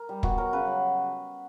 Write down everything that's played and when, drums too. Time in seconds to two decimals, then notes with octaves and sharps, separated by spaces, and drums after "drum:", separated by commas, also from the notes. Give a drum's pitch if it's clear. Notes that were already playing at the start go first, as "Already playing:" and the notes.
Already playing: A#4
0.09 G3
0.23 B2 F#4, drum: kick
0.38 F#3 A#4
0.53 C#3 B4
0.67 F#3